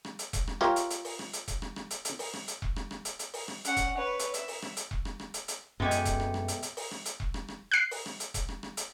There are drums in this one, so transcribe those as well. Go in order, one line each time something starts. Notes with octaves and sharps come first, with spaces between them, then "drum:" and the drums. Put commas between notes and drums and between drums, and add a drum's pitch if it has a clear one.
drum: rim click
drum: hi-hat
drum: kick E1, hi-hat
drum: rim click
F4 G4 A#4 C#5 E5, drum: rim click
drum: hi-hat
drum: hi-hat
drum: open hi-hat
drum: rim click
drum: hi-hat
drum: kick E1, hi-hat
drum: rim click
drum: rim click
drum: hi-hat
drum: hi-hat
drum: open hi-hat
drum: rim click
drum: hi-hat
drum: kick E1
drum: rim click
drum: rim click
drum: hi-hat
drum: hi-hat
drum: open hi-hat
drum: rim click
C#4 F#5, drum: hi-hat
drum: kick E1, hi-hat
B4 C#5
drum: hi-hat
E5, drum: hi-hat
drum: open hi-hat
drum: rim click
drum: hi-hat
drum: kick E1
drum: rim click
drum: rim click
drum: hi-hat
drum: hi-hat
F#2 B2 G#3 A3 G4 G#5
drum: hi-hat
drum: kick E1, hi-hat
drum: rim click
drum: rim click
drum: hi-hat
drum: hi-hat
drum: open hi-hat
drum: rim click
drum: hi-hat
drum: kick E1
drum: rim click
drum: rim click
F#6 C7
drum: open hi-hat
drum: rim click
drum: hi-hat
drum: kick E1, hi-hat
drum: rim click
drum: rim click
drum: hi-hat